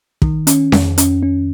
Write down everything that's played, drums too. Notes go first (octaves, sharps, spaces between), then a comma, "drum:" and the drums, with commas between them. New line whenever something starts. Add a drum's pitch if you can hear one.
D#3, drum: kick
C#4, drum: hi-hat
F2, drum: snare C#4
C#4, drum: hi-hat
C#4